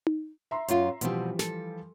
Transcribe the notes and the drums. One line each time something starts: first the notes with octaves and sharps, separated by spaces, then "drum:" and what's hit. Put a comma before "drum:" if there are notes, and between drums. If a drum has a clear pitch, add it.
drum: tom D#4
E5 A#5 C6
F#2 F4, drum: hi-hat
B2 E3 F3 G3 C4, drum: hi-hat
A4, drum: snare